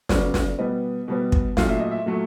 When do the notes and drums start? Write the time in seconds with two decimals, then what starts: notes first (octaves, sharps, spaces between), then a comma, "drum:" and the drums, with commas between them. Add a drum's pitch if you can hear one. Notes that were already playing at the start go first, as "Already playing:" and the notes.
0.09 C#3 F#3 B3 D5, drum: snare
0.34 drum: snare
0.58 B2 G3 B3 D#5
1.08 B2 G3 B3
1.32 drum: kick
1.57 A#2 F#3 A3 F5, drum: snare
1.69 E5
1.80 D#5
1.91 E5
2.06 A#2 F#3 A3